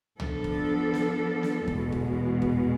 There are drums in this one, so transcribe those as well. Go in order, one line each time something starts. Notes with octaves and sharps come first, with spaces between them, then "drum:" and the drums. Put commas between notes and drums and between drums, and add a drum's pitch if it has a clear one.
F3 B3 D4 A4, drum: tom
drum: kick
drum: snare
drum: snare
E2 B2 G#3, drum: kick
drum: kick
drum: kick